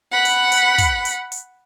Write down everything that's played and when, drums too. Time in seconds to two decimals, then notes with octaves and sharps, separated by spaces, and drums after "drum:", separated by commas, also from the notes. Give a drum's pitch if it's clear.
0.12 F#5 B5
0.25 drum: hi-hat
0.52 drum: hi-hat
0.78 drum: kick, hi-hat
1.05 drum: hi-hat
1.32 drum: hi-hat